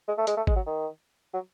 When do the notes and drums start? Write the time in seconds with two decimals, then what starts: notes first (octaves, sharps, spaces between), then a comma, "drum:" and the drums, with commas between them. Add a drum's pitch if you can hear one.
0.08 G#3
0.18 A3
0.27 G#3, drum: hi-hat
0.37 A3
0.47 G#3, drum: kick G#1
0.56 F#3
0.67 D#3
1.34 F#3